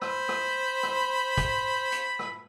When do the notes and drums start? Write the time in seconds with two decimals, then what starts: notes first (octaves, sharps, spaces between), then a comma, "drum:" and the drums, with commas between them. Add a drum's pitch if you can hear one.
0.02 C5 B5, drum: rim click
0.29 drum: rim click
0.83 drum: rim click
1.38 drum: kick, hi-hat
1.92 drum: hi-hat
2.19 drum: rim click